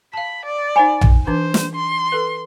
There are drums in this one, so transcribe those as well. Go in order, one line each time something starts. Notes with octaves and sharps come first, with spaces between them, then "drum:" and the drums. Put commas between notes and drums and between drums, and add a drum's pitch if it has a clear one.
F5 A5 B5
D5
D#4 C5 F#5 G#5 B5
drum: tom A#1
E3 D4 C5 D6
drum: snare
C6
A4 B4